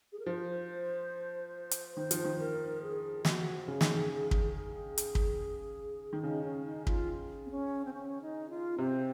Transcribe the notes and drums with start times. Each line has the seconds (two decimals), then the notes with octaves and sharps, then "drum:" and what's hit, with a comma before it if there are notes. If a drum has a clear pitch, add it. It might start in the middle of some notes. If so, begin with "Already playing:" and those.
0.13 G#4
0.19 A#4
0.26 F3 C5
1.71 drum: hi-hat
1.97 D#3 C5
2.11 F3, drum: hi-hat
2.24 D#3
2.40 A#4
2.83 G#4
3.25 F#4, drum: snare
3.68 C#3
3.81 D#3, drum: snare
3.89 G#4
3.95 C#3
4.09 G#4
4.31 G#4, drum: kick
4.52 G#4
4.98 drum: hi-hat
5.15 drum: kick
6.13 D#3
6.23 C#3 D#4
6.45 C#4
6.66 D#4
6.87 F4, drum: kick
7.46 C4
7.51 C#4
7.85 C4
7.94 C#4
8.22 D#4
8.50 F4
8.78 C3 C4